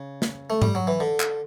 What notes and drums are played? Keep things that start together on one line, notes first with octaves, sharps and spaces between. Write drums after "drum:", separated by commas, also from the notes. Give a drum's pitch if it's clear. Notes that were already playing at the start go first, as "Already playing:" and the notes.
Already playing: C#3
drum: snare
A3
G3, drum: tom G#2
F#3
E3
D3
drum: clap